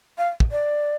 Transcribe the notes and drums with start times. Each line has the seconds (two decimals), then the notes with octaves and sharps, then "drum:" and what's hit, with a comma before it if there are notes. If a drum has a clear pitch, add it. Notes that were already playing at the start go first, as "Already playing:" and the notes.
0.18 F5
0.40 drum: kick
0.51 D5